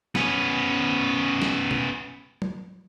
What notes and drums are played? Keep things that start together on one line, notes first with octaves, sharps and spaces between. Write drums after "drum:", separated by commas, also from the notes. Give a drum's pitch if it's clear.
B3 C#4, drum: snare
drum: snare
drum: tom
drum: tom F#3